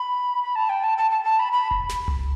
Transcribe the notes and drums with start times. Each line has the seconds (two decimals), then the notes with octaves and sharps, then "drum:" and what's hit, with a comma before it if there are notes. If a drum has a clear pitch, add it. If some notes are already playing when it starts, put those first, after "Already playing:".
Already playing: B5
0.42 B5
0.55 A5
0.69 G5
0.84 A5
0.98 A5
1.11 A5
1.24 A5
1.39 B5
1.53 B5
1.71 drum: kick F1
1.89 drum: snare
2.08 drum: tom C2